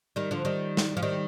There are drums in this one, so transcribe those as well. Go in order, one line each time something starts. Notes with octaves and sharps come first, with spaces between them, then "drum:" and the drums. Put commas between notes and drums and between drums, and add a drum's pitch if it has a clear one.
D#3 G3
D3 F3
D#3 G3
drum: snare
F3
D#3 G3